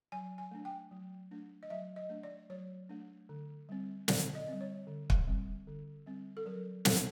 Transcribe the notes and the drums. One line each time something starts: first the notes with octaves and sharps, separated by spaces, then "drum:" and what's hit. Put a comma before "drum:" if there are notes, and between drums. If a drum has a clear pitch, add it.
F#3 G#5
G#5
A3 D4
G5
F#3
A3 D4
D#5
F#3 E5
D#5
A3 D4
D5
F#3 C#5
A3 D4
D3
G3 C4
D3 D5, drum: snare
D#5
G3 C4
C#5
D3
drum: kick
G3 C4
D3
G3 C4
A4
F#3 A#4
B3 D4 A4, drum: snare